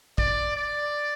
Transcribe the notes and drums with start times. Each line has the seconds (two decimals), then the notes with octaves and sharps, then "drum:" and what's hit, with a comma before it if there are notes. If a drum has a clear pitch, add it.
0.18 D5, drum: kick
0.57 D5